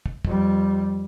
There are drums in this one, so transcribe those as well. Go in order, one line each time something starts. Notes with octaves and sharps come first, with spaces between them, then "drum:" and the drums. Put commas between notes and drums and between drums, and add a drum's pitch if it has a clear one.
drum: kick
F2 G3, drum: kick